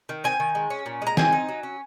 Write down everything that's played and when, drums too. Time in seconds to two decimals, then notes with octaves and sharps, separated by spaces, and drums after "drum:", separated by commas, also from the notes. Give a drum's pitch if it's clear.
0.09 D#3
0.24 C4 G#5
0.40 D#3
0.55 G#3
0.70 C#4
0.86 A#2
1.02 G#3 A#5
1.17 C4 G#5, drum: snare
1.32 D#4
1.48 F#3
1.63 C#4